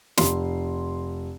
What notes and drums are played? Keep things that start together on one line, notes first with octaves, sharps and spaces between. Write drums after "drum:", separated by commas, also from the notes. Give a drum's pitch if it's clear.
F1 C6, drum: snare